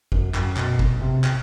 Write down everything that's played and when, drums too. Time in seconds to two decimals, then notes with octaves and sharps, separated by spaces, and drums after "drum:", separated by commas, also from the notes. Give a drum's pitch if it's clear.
0.12 F#2, drum: kick
0.34 F#2, drum: clap
0.56 B2, drum: clap
0.79 drum: kick
1.02 C3
1.24 drum: clap